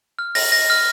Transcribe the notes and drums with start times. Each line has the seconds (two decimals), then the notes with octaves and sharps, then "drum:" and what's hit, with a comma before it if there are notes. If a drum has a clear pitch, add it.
0.19 F6
0.35 A#6, drum: open hi-hat
0.52 A#6
0.70 F6